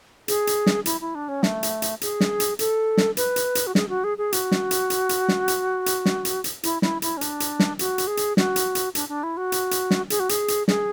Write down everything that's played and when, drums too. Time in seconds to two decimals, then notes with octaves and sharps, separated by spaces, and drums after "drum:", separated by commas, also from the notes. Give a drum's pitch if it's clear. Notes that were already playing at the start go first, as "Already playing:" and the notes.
0.28 G#4, drum: hi-hat
0.47 drum: hi-hat
0.66 drum: snare
0.86 E4, drum: hi-hat
1.01 E4
1.15 D4
1.28 C#4
1.43 A3, drum: snare
1.63 drum: hi-hat
1.82 drum: hi-hat
2.01 G#4, drum: hi-hat
2.20 drum: snare
2.40 drum: hi-hat
2.59 A4, drum: hi-hat
2.97 drum: snare
3.17 B4, drum: hi-hat
3.36 drum: hi-hat
3.55 drum: hi-hat
3.67 F#4
3.75 G#4, drum: snare
3.88 F#4
4.04 G#4
4.18 G#4
4.33 F#4, drum: hi-hat
4.51 drum: snare
4.71 drum: hi-hat
4.90 drum: hi-hat
5.09 drum: hi-hat
5.28 drum: snare
5.48 drum: hi-hat
5.86 drum: hi-hat
6.05 drum: snare
6.25 drum: hi-hat
6.44 drum: hi-hat
6.63 E4, drum: hi-hat
6.82 E4, drum: snare
7.02 E4, drum: hi-hat
7.17 C#4
7.21 D4, drum: hi-hat
7.40 drum: hi-hat
7.60 drum: snare
7.79 F#4, drum: hi-hat
7.98 drum: hi-hat
8.07 G#4
8.17 drum: hi-hat
8.37 F#4, drum: snare
8.56 drum: hi-hat
8.75 drum: hi-hat
8.95 D4, drum: hi-hat
9.08 D4
9.23 E4
9.37 F#4
9.52 drum: hi-hat
9.71 drum: hi-hat
9.91 drum: snare
10.10 G#4, drum: hi-hat
10.20 F#4
10.29 G#4, drum: hi-hat
10.48 drum: hi-hat
10.68 G#4, drum: snare